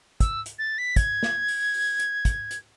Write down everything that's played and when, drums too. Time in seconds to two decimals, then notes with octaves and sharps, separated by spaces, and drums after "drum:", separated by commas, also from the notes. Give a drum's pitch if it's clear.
0.20 E6, drum: kick, hi-hat
0.46 drum: hi-hat
0.59 A6
0.78 B6
0.96 G#6, drum: kick, hi-hat
1.23 drum: snare
1.48 drum: open hi-hat
1.74 drum: open hi-hat
1.99 drum: hi-hat
2.25 drum: kick, hi-hat
2.51 drum: hi-hat